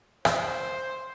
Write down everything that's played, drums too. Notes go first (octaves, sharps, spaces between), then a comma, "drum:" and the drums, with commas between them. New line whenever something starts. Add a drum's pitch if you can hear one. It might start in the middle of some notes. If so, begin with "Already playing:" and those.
C5, drum: rim click